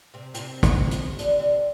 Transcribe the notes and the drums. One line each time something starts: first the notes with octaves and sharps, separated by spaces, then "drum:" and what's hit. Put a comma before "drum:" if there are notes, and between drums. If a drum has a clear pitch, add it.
C3 C4
C3 C4, drum: hi-hat
drum: kick, hi-hat
drum: hi-hat
D3 D4, drum: hi-hat
C3 C4